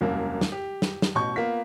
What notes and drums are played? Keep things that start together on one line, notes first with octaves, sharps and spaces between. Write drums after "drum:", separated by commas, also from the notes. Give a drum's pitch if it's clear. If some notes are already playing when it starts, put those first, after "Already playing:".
E1 C2 F#2 A#3
drum: snare
G4
drum: snare
drum: snare
A1 B2 C#6 G6
A#3 B3 F4 B6